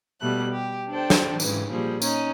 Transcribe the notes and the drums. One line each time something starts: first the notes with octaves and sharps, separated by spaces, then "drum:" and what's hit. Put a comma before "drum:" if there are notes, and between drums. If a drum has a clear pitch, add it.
B2 G3 A3 F#6
G4
D4 A4 C5 G5
drum: snare
G#2 C#3 E3 G4, drum: tambourine
A#2 F3 G3 G#4
C#4 D#4 C#5, drum: tambourine